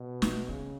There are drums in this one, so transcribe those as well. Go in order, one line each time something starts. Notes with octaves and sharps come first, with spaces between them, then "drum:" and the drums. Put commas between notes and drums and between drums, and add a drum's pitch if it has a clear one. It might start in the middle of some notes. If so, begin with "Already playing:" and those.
Already playing: B2
A3, drum: snare
C#3 B3